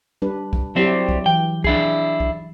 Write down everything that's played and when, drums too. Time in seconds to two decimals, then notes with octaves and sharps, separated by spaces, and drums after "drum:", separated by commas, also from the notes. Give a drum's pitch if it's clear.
0.22 G3 D4 B4
0.53 drum: kick
0.76 F#3 G3 C4 E4 G4 C5
1.09 drum: kick
1.26 E3 G5
1.64 D4 E4 G#4, drum: kick
2.20 drum: kick